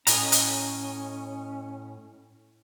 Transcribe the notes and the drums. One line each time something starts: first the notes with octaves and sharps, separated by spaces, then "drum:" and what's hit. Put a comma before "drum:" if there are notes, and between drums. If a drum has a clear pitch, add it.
A2 C#4 D#5 G#5 A#5, drum: hi-hat
drum: hi-hat